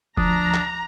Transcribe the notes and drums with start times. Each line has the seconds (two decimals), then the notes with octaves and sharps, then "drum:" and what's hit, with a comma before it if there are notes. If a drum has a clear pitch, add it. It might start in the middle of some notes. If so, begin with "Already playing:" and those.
0.17 D2 F3 D4 A#5 D#6, drum: kick F1
0.54 drum: clap